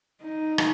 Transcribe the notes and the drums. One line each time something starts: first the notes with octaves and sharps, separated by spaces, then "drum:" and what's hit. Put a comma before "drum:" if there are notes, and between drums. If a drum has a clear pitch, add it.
D#4
drum: rim click